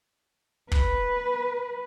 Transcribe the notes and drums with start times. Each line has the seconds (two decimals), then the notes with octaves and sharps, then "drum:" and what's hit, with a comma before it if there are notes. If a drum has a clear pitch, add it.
0.72 B4, drum: kick